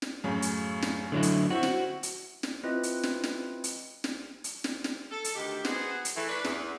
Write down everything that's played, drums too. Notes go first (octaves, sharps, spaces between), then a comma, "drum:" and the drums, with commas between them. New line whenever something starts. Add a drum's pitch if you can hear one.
drum: snare
F#2 A2 C#3
drum: hi-hat
drum: snare
D3 F#3 E4
drum: hi-hat
C4 E4 F#4
drum: snare
drum: hi-hat
drum: snare
C4 E4 F4 B4 D#5 F#6
drum: hi-hat
drum: snare
drum: snare
drum: hi-hat
drum: snare
drum: hi-hat
drum: snare
drum: snare
A4
drum: hi-hat
D2 D#3 G4
B3 F#4 G#4 C5, drum: snare
drum: hi-hat
E3 A3
D4 B4
E2, drum: snare